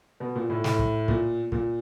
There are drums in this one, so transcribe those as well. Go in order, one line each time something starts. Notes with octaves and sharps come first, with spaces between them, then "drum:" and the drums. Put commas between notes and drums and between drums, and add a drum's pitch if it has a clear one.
B2
A#2
A2
A2, drum: snare
drum: kick
A#2, drum: kick
A#2, drum: kick